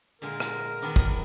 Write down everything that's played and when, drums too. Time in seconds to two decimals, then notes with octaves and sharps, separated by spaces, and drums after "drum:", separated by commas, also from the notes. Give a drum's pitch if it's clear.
0.22 A#2 D3 G#3 A#4
0.40 drum: rim click
0.82 D#3 B3 D4
0.96 drum: kick